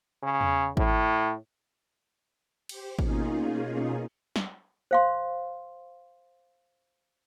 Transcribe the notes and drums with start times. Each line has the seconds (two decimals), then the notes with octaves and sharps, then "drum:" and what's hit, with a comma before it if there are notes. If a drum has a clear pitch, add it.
0.23 C#3
0.41 drum: tom E2
0.77 A2, drum: kick G#1
2.69 G4 C5, drum: cymbal
2.99 B2 A#3 C#4 D#4 F4 G#4, drum: kick G#1
4.36 drum: snare
4.91 C5 F5 C6